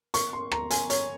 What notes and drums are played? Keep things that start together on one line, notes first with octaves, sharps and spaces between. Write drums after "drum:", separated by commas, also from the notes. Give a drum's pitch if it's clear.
C#6, drum: hi-hat
C6
A#5, drum: rim click
G#5, drum: hi-hat
C#5, drum: hi-hat